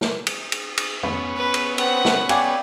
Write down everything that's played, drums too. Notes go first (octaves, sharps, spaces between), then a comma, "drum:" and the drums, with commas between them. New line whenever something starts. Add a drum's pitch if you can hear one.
drum: snare
drum: cymbal
drum: cymbal
drum: cymbal
B3 C#4, drum: tom
B4
drum: cymbal
C4 B4 F#5, drum: cymbal
drum: snare
C#5 D5 F5 G5 G#5, drum: cymbal